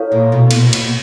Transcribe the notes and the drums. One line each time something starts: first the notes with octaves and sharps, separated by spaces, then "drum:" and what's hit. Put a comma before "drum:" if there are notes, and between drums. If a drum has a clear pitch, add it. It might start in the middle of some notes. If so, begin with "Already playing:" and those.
Already playing: E4 A4 C#5 F5
A#2
B2
A#2, drum: cymbal
B2
A#2
B2, drum: cymbal
A#2